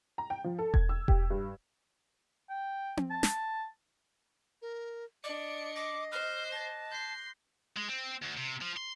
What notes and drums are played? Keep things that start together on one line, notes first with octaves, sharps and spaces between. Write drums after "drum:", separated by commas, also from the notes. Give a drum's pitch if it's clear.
A#5
G5
F3
A4
G#6, drum: kick E1
E6
G4, drum: kick E1
G2
G5
drum: tom C4
A5
drum: snare
A#4
D4 D5 D#5 D6 C#7
D6 A#6 C7
C5 F6 F#6
A5 A#6
C6 G6 C7
G#3
C4
D2
C3
F3
C6